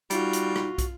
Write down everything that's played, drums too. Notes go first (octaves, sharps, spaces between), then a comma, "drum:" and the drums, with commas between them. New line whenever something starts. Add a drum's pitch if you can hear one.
G3 D#4 F4 F#4, drum: hi-hat
drum: hi-hat
drum: rim click
drum: kick, hi-hat